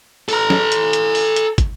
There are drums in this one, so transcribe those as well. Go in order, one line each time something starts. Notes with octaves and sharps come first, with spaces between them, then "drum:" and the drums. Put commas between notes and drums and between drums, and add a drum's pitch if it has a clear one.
A4 A#5, drum: open hi-hat
drum: snare
drum: hi-hat
drum: hi-hat
drum: open hi-hat
drum: hi-hat
drum: kick, hi-hat